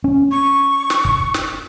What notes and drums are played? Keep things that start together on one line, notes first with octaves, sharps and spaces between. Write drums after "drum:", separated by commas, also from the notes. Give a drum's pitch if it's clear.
C#4
C#6
drum: snare
drum: kick
drum: snare